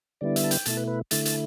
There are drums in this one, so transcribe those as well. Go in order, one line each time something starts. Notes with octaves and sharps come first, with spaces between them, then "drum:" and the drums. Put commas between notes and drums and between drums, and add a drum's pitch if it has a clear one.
D3 G3 B3 E4 D5
E5, drum: hi-hat
A5
G5, drum: hi-hat
B2 A3 E4 A5, drum: hi-hat
B4
B4
D3 A3 E4 A5, drum: hi-hat
A5, drum: hi-hat